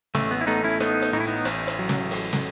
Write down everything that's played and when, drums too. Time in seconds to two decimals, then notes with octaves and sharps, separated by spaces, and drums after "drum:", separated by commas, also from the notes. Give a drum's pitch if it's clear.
0.15 A1 A3, drum: snare
0.31 B3
0.41 E4
0.47 A3 B3 D#4
0.64 C#4 E4
0.80 A3 B3 D#4, drum: hi-hat
1.02 drum: hi-hat
1.13 A2 D#4
1.20 E4
1.27 B3 D#4
1.45 A1, drum: hi-hat
1.67 drum: hi-hat
1.79 F#3
1.89 drum: snare
2.11 A1, drum: open hi-hat
2.33 drum: snare